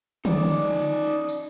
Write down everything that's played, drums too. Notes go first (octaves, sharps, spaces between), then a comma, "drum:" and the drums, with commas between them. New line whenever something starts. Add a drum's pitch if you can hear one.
D#4 D5, drum: tom D3
drum: tambourine